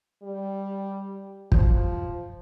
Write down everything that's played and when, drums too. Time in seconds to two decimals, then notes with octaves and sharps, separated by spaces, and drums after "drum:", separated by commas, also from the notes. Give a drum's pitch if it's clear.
0.23 G3
1.52 F3, drum: kick